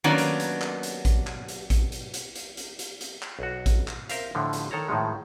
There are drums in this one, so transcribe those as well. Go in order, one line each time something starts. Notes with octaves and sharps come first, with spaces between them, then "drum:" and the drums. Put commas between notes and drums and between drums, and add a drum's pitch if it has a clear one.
D#3 F#3 A#3 B3 C#4 D4
drum: hi-hat
drum: hi-hat
drum: clap
drum: hi-hat
drum: kick A1, hi-hat
drum: clap
drum: hi-hat
drum: kick A1, hi-hat
drum: hi-hat
drum: hi-hat
drum: hi-hat
drum: hi-hat
drum: hi-hat
drum: hi-hat
drum: clap
B1 F#4
drum: kick A1, hi-hat
drum: clap
A#4 C5 E5 F5, drum: hi-hat
A2 D3 F3
drum: hi-hat
D#3 A4 C#5 A#5
A2 D#3 F3 G#3